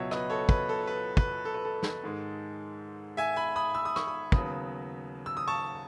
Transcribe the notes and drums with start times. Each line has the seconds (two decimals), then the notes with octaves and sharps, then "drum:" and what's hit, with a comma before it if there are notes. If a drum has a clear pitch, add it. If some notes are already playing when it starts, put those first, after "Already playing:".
Already playing: C#2 B2 F#3 B3 C#5 D#5 E5 F#5
0.11 B4 D#5, drum: rim click
0.30 A4 C#5
0.49 B4, drum: kick
0.69 A4
0.87 B4
1.17 B4, drum: kick
1.45 A4
1.54 B4
1.65 A4
1.83 drum: snare
2.03 G#2 D#3 G#3
3.17 E5 G#5
3.36 G#5 B5
3.56 B5 D#6
3.75 E6
3.85 D#6
3.96 C#6, drum: rim click
4.07 B5 D#6
4.32 D#2 C#3 F#3 B3 B5 D#6, drum: kick
5.26 E6
5.37 D#6
5.48 A5 C#6